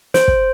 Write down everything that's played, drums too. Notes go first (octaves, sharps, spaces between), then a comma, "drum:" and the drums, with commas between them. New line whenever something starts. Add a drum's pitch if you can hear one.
C5, drum: snare
drum: kick